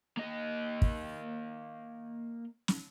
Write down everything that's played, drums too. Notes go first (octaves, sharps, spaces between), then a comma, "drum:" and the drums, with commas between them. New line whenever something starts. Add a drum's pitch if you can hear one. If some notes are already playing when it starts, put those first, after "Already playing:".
A#3 D#5
drum: kick
drum: snare